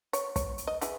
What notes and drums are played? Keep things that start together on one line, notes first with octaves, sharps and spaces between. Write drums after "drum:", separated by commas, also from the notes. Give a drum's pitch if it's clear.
C#5, drum: hi-hat
C#5, drum: kick, hi-hat
drum: hi-hat
D#5
E3 E4 G#4, drum: hi-hat